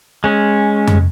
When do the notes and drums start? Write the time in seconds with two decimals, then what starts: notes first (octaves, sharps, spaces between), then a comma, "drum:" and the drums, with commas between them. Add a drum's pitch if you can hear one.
0.24 G#3 C#4
0.87 drum: tom F2